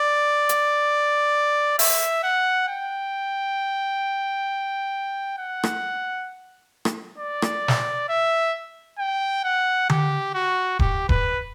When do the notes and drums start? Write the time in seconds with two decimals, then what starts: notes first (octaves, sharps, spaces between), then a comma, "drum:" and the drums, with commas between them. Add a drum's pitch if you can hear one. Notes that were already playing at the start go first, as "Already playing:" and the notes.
Already playing: D5
0.49 drum: hi-hat
1.79 E5, drum: open hi-hat
2.23 F#5
2.68 G5
5.38 F#5
5.64 drum: rim click
6.85 drum: rim click
7.18 D5
7.42 drum: rim click
7.68 drum: snare
8.09 E5
8.99 G5
9.44 F#5
9.90 G4, drum: tom D3
10.34 F#4
10.79 G4, drum: kick D#1
11.09 B4, drum: kick D#1